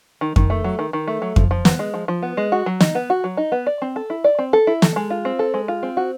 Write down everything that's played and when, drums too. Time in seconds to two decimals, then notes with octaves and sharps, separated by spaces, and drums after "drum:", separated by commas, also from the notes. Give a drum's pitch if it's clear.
0.21 D#3
0.36 D#3, drum: kick F2
0.50 A3
0.64 F#3
0.79 D#3
0.93 D#3
1.08 A3
1.22 F#3
1.36 F3, drum: kick F2
1.51 F3
1.65 B3, drum: snare
1.79 G#3
1.94 F3
2.08 F3
2.23 B3
2.37 G#3
2.52 F#4
2.66 F#3
2.81 D#4, drum: snare
2.95 B3
3.10 F#4
3.24 F#3
3.37 D#4
3.52 B3
3.67 D5
3.82 C4
3.96 A4
4.10 E4
4.24 D5
4.39 C4
4.53 A4
4.67 E4
4.82 A4, drum: snare
4.96 G#3
5.10 F4
5.25 C4
5.39 A4
5.54 G#3
5.68 F4
5.83 C4
5.97 F#4